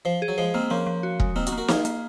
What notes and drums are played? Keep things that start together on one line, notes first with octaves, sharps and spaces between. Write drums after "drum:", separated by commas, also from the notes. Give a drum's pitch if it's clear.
F3 C5
G#4
F#3
F3 G#3 C5
G#3 A#3 C4
F3 A#3 C#4
F3
F#4
G#3, drum: kick E1
A#3 C4 D#4
D#4 F#4, drum: hi-hat
A#3
F#4 A#4
A#3 F4 G#4, drum: snare
A#3, drum: hi-hat